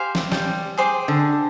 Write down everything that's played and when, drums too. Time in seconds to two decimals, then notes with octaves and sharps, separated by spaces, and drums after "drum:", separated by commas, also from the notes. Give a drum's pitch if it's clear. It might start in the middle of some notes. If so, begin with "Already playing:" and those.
Already playing: G4 C5 F5 G#5
0.15 drum: snare
0.32 G3, drum: snare
0.77 G#4 C5 G5 D6
1.08 D3